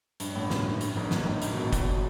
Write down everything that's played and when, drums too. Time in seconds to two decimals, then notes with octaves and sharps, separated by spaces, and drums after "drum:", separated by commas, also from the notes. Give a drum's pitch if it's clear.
0.20 G2, drum: hi-hat
0.35 A1 A2
0.50 F#2, drum: snare
0.81 G2, drum: hi-hat
0.96 G#1 G#2
1.11 G#1 G#2, drum: snare
1.26 A1 A2
1.42 G#1 G#2, drum: hi-hat
1.53 B2
1.57 A#1 A#2
1.73 B1 B2, drum: kick, hi-hat